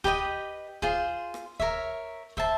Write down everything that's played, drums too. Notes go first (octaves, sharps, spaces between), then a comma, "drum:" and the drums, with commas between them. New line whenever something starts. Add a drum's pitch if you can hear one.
G4 B4 D#5 G5, drum: kick
F4 G#4 C5, drum: kick
drum: rim click
A#4 C#5 E5, drum: kick
C5 E5 A5, drum: kick